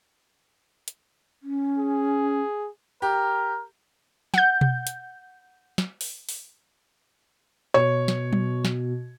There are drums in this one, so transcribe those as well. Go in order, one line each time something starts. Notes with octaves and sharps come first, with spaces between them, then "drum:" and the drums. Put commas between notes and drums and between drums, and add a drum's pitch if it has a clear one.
drum: hi-hat
C#4
G#4
G4 A#4
F#5 G6, drum: snare
drum: tom B2
drum: hi-hat
drum: snare
drum: open hi-hat
drum: open hi-hat
B2 C#5
drum: snare
drum: tom F#3
drum: snare